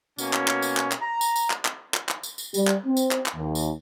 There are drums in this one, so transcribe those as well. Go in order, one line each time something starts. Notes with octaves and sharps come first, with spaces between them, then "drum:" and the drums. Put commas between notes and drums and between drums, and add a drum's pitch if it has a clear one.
B2 A#3 C#4, drum: tambourine
drum: clap
drum: clap
drum: tambourine
drum: clap
drum: clap
A#5
drum: tambourine
drum: tambourine
drum: clap
drum: clap
drum: clap
drum: clap
drum: tambourine
drum: tambourine
G3, drum: tambourine
drum: clap
C4
drum: tambourine
drum: clap
drum: clap
D#2
drum: tambourine